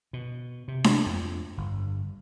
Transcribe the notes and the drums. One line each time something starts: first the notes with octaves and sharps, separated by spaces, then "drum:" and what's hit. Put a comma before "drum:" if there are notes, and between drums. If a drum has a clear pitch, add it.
B2
C3
drum: snare D4
F2
G1